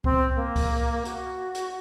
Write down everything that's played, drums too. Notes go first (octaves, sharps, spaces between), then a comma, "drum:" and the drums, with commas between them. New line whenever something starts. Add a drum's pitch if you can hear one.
C4, drum: kick C2
A#3
drum: kick C2, open hi-hat
F#4, drum: hi-hat
drum: hi-hat